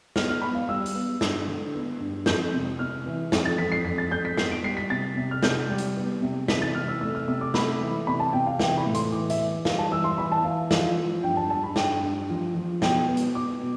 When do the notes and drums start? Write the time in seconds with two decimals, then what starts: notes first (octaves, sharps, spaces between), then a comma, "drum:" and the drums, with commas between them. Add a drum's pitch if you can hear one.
0.16 B3 F6, drum: snare
0.29 F6
0.42 B3 B5
0.55 F5
0.69 G3 E6
0.86 drum: hi-hat
0.95 B3
1.21 G2, drum: snare
1.48 D3
1.74 B3
2.00 G2
2.26 F2 G6, drum: snare
2.53 C3
2.79 C3 F6
3.06 E3
3.32 F2, drum: snare
3.45 A6
3.58 F2 B6
3.72 C7
3.84 F2 B6
3.98 A6
4.11 F2 G6
4.25 B6
4.37 B3 C7, drum: snare
4.51 D7
4.63 G3 C7
4.77 B6
4.90 C3 A6
5.17 C3
5.31 F6
5.43 C3 G6, drum: snare
5.69 G3
5.78 drum: hi-hat
5.96 B3
6.22 C3
6.48 E3 B6, drum: snare
6.62 A6
6.75 C3 F6
6.88 E6
7.01 A3 E6
7.15 F6
7.28 C3 E6
7.41 D6
7.54 A3 B5, drum: snare
7.81 E3
8.07 C3 B5
8.20 A5
8.33 C3 G5
8.47 F5
8.59 E3 G5, drum: snare
8.78 B5
8.86 A2
8.95 C6, drum: hi-hat
9.12 E3 D6
9.30 E5, drum: hi-hat
9.39 E3
9.65 G3 F5, drum: snare
9.78 A5
9.91 E3 E6
10.04 C6
10.18 E3 B5
10.32 A5
10.44 E3 F5
10.71 F3 F5, drum: snare
10.97 F3
11.23 G2 G5
11.37 A5
11.50 G2 A5
11.63 B5
11.76 G2 G5, drum: snare
12.03 G2
12.30 F3
12.55 F3
12.82 B2 G5, drum: snare
13.08 B3
13.17 drum: hi-hat
13.34 B3 D6
13.61 B2